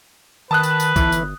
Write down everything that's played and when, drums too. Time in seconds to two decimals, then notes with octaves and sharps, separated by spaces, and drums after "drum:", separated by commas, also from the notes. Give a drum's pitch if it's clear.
0.51 D#3 B4 A5 D#6 F#6
0.63 drum: tambourine
0.80 drum: tambourine
0.96 G1 E3, drum: kick, tambourine
1.12 drum: tambourine